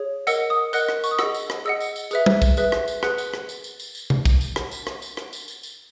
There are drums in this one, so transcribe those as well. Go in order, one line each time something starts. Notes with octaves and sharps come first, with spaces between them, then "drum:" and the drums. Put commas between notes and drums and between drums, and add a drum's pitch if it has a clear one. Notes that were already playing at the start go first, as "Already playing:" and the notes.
Already playing: G#4 C#5
A#4 D#5 F#5 E6, drum: tambourine
D#6
A#4 D#5 F#5 F#6, drum: tambourine
drum: rim click
C#6, drum: tambourine
D#6
G#4 D#5 F#5 E6, drum: rim click
drum: tambourine
drum: rim click
G#4 D#5 F#5 E6
drum: tambourine
drum: tambourine
G#4 B4 E5, drum: tambourine
drum: tom G3
drum: kick, tambourine
G#4 B4 E5, drum: tambourine
drum: rim click
drum: tambourine
G#4 B4 F#5 F#6, drum: rim click
drum: tambourine
drum: rim click
drum: tambourine
drum: tambourine
drum: tambourine
drum: tambourine
drum: tom C3
drum: kick, tambourine
drum: tambourine
drum: rim click
drum: tambourine
drum: rim click
drum: tambourine
drum: rim click
drum: tambourine
drum: tambourine
drum: tambourine